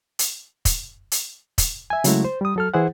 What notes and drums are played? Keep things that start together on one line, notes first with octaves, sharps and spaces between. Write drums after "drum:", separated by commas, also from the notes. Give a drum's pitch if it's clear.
drum: hi-hat
drum: kick, hi-hat
drum: hi-hat
drum: kick, hi-hat
E5 G#5
C#3 F#3 G#3 A3 E4 F#4, drum: hi-hat
C5
G3 D#6
F#3 A4 F6
E3 E4 G#4 C5 F#5